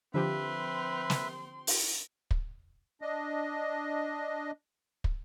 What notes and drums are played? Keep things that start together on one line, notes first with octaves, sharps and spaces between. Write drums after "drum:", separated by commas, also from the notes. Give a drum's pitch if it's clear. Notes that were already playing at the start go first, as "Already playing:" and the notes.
D3 F3 C4 G4 B4 E5 C6
drum: snare
drum: open hi-hat
drum: kick
D4 D#5
drum: kick